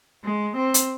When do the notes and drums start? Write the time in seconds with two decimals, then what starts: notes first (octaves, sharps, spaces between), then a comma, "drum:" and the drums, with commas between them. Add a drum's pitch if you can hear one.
0.23 G#3
0.56 C4
0.74 drum: hi-hat